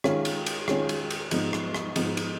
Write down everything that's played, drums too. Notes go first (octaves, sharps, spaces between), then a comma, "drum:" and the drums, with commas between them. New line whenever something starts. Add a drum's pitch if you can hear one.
D#3 G#3 C#4 F4, drum: rim click
drum: cymbal
drum: cymbal
D#3 G#3 C#4 F4, drum: rim click
drum: cymbal
drum: cymbal
G#2 F3 B3 D#4, drum: cymbal
drum: rim click
drum: rim click
G#2 F3 B3 D#4, drum: cymbal
drum: cymbal